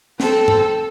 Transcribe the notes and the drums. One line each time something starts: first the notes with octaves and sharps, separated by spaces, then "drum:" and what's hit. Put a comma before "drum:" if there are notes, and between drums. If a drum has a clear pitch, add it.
C4 A4, drum: snare
drum: tom G2